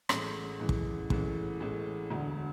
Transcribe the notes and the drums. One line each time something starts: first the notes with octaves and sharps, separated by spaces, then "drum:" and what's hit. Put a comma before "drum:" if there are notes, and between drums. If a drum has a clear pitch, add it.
A1 A2 E3 G#3, drum: rim click
A1 A2 E3 G#3
drum: kick
A1 A2 E3 G#3, drum: kick
A1 A2 E3 G#3
E1 D2 D3